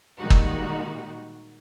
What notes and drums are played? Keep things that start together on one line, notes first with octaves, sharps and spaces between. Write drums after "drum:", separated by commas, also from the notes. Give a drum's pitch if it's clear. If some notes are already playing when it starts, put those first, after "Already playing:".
A#2 D#3 G3 G#3 D#4 F#4
drum: kick